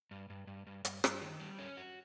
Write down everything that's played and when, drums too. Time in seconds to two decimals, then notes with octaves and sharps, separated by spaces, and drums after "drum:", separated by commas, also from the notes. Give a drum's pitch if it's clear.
0.11 G2
0.30 G2
0.47 G2
0.67 G2
0.85 G2, drum: hi-hat
1.04 G2, drum: rim click
1.22 D#3
1.40 G3
1.59 C#4
1.77 F#4